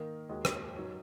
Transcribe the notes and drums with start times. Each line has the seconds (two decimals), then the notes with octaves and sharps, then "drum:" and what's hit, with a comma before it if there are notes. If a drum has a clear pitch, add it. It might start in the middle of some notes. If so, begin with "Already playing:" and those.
Already playing: D#3 A#3 D#4 A#4
0.29 D#2 D#3 G#3 F#4 D#5
0.45 drum: rim click
0.76 F#3 D#4 F#4 C#5